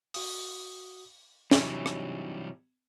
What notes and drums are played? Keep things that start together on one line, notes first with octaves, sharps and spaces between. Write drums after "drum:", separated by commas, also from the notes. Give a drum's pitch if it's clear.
F#4 D#6, drum: open hi-hat
C3 E3 F#3 G3 D4 D#4, drum: snare
drum: rim click